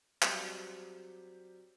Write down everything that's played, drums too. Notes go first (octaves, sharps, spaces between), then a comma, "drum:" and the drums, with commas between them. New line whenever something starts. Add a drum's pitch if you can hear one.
F#3 G3 C4 G4, drum: clap